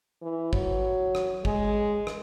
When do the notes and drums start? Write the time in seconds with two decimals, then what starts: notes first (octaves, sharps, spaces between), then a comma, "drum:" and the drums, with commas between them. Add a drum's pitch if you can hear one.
0.22 E3
0.53 F#3, drum: kick
1.15 drum: rim click
1.45 G#3, drum: kick
2.07 drum: rim click